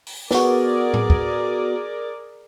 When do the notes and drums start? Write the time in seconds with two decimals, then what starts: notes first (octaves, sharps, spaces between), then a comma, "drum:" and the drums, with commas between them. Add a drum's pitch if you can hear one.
0.07 drum: open hi-hat
0.31 B3 F#4 G#4 A#4 D5, drum: snare
0.94 drum: tom A2
1.10 drum: kick